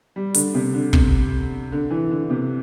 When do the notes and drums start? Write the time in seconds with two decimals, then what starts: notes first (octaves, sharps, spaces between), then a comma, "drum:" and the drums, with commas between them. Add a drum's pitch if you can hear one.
0.16 G3
0.34 D3, drum: hi-hat
0.54 C3
0.74 D3
0.93 C3, drum: kick
1.72 D3
1.90 E3
2.10 D3
2.30 C3